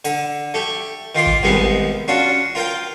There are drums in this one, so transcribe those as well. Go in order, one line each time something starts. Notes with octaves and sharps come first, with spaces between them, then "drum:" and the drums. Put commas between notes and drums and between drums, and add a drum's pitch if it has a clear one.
D3, drum: hi-hat
A3 G4
D#3 F4 C6 D6
drum: kick G#1
C2 D#3 G#3 B3 G4
C#4 D4 F4 F#4
F4 A#4 F5 G5